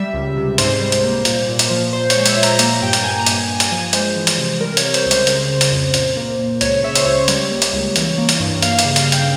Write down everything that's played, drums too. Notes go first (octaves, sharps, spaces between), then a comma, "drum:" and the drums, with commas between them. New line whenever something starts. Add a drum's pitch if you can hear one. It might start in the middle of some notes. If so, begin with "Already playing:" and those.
Already playing: G3 E5
C#2
C3
G#2 C5, drum: hi-hat
G3
drum: hi-hat
A#3
A#2, drum: hi-hat
A#2
drum: hi-hat
F3
A#2 C5
C#5, drum: hi-hat
G#3
E5, drum: hi-hat
A#2
A#5, drum: hi-hat
A#3 A#5, drum: hi-hat
G2 G5
drum: hi-hat
A#3 G#5
A#5
G2 G#5, drum: hi-hat
G2 G#5
drum: hi-hat
F3 G#5
G#3 C5, drum: hi-hat
E3
drum: hi-hat
C3
G3 A#4
C#5, drum: hi-hat
G3
C5, drum: hi-hat
C#2
C5, drum: hi-hat
C#3, drum: hi-hat
C#3
drum: hi-hat
F2
A#2, drum: hi-hat
A#3
A#2
C#2 C#5, drum: hi-hat
C#3 E5
C5, drum: hi-hat
C#2 C#5
G3, drum: hi-hat
A#3
drum: hi-hat
C#2
E3, drum: hi-hat
A#3
drum: hi-hat
G2
A#3 F5, drum: hi-hat
F5, drum: hi-hat
C#3
F5, drum: hi-hat
C#3
G5, drum: hi-hat